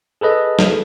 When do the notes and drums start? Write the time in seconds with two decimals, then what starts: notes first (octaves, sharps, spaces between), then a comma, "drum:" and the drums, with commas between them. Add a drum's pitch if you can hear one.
0.21 G#4 A4 B4 D#5
0.59 drum: snare